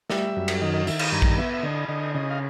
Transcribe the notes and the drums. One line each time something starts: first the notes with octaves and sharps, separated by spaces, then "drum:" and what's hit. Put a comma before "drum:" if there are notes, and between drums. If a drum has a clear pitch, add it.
G3 E5, drum: snare
F#2
drum: cymbal
D#3 D#5
D#5
D#3 E5, drum: tambourine
F5, drum: cymbal
G2 A#5
drum: kick A#1
B3 E5
E5
D3 D#5
D3 D#5
C#3 D#5
F5